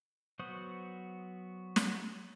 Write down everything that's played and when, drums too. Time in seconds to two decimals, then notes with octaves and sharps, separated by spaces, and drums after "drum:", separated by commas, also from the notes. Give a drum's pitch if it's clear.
0.39 F#3 B3 F#4 C5 D#6
1.76 drum: snare